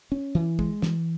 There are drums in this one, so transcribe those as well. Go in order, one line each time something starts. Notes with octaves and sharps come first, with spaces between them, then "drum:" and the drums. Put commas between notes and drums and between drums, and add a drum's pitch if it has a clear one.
C#4
E3
G#3, drum: kick
E3, drum: snare